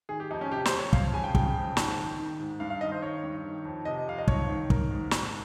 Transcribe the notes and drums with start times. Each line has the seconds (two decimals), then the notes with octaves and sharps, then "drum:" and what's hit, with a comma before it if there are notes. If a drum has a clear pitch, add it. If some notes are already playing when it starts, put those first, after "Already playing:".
0.09 D#3 G#4
0.20 G4
0.30 F2 D#4
0.41 C#4
0.51 C3 G4
0.65 C5, drum: snare
0.71 F2
0.79 C#5
0.93 F2 F5, drum: kick
1.13 C#3 G#5
1.24 G5
1.35 C#3 G5, drum: kick
1.56 F2
1.77 G#2, drum: snare
1.98 D#3
2.19 D#3
2.40 G#2
2.60 G2 F5
2.70 F5
2.81 D#3 D#5
2.92 C5
3.02 D#3 C#5
3.24 G2
3.44 D#3
3.65 F2
3.85 C3 D#5
4.07 F2 F5
4.18 D#5
4.28 G#2 C#5, drum: kick
4.49 D#3
4.70 D#3 A#4, drum: kick
4.91 G#2
5.11 G#2, drum: snare